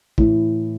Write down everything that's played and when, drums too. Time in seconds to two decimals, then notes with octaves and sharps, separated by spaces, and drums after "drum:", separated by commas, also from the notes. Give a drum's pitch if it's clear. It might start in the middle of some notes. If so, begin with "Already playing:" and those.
0.18 A2 E3, drum: kick